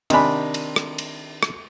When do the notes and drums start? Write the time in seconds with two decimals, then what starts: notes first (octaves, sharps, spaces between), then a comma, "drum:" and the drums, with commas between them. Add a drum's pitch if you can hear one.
0.10 C3 D#3 D4 D#5 G#5 B5, drum: cymbal
0.54 drum: cymbal
0.76 drum: rim click
0.98 drum: cymbal
1.43 drum: rim click